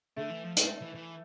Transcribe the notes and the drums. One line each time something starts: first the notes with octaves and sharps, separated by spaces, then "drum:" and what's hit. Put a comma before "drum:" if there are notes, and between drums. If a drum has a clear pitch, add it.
D3 A3
E3
F3
G#3, drum: hi-hat
E3
E3